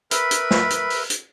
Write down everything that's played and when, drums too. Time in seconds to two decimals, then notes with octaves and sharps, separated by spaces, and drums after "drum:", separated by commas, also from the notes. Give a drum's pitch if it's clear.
0.11 A#4 B4 E5 B5, drum: hi-hat
0.31 drum: hi-hat
0.51 drum: snare
0.70 drum: hi-hat
0.90 drum: open hi-hat
1.10 drum: hi-hat